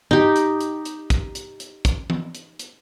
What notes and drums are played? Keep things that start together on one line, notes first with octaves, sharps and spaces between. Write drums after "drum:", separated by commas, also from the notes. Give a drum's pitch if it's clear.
D#4 G4, drum: tom G#2
drum: hi-hat
drum: hi-hat
drum: hi-hat
drum: kick, hi-hat
drum: hi-hat
drum: hi-hat
drum: kick, hi-hat
drum: tom E3
drum: hi-hat
drum: hi-hat